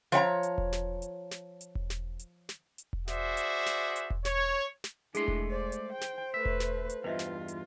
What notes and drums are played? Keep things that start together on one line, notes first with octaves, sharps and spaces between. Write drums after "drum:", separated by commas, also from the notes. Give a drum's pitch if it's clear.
F3 C#5 F#5 A#5
drum: hi-hat
drum: kick E1
drum: snare
drum: hi-hat
drum: snare
drum: hi-hat
drum: kick E1
drum: snare
drum: hi-hat
drum: snare
drum: hi-hat
drum: kick E1
F#4 G#4 C5 D5 E5, drum: snare
drum: hi-hat
drum: snare
drum: hi-hat
drum: kick E1
C#5, drum: snare
drum: snare
G#3 A3 D4 E4 G#4 C6, drum: hi-hat
drum: kick E1
C5 D5
drum: hi-hat
G5
drum: snare
A3 B4 E5
drum: kick E1
drum: snare
drum: hi-hat
E2 G2 F4 B4 D#5 E5
drum: snare
drum: hi-hat